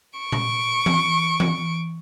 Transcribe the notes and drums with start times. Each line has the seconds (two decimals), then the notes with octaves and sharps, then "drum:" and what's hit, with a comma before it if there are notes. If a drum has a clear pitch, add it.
0.19 C#6 D7
0.32 drum: tom A#2
0.86 drum: tom E3
1.40 drum: tom E3